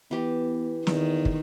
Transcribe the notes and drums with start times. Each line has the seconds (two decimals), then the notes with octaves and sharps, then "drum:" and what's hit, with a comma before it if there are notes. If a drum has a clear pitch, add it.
0.11 E3 B3 G4
0.87 E2 D#3, drum: snare
1.25 drum: kick